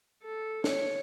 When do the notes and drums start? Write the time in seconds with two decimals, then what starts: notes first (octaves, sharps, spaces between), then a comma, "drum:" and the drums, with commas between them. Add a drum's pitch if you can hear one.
0.22 A4
0.64 C#5, drum: snare